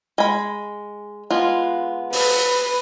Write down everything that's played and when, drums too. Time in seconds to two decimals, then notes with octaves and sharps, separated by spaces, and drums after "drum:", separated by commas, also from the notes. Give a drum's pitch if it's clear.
0.18 G#3 B5
1.31 G#3 B3 F4
2.13 B4, drum: open hi-hat